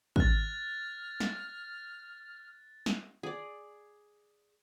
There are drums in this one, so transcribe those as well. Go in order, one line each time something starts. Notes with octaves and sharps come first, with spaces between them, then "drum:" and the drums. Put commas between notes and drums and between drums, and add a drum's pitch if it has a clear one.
F6 F#6 A6, drum: kick
drum: snare
drum: snare
G#4 D5